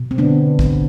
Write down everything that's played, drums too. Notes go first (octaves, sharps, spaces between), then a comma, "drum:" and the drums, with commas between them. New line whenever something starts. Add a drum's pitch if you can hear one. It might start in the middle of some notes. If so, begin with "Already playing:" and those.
Already playing: B2
C4
D3 B3 D4
drum: kick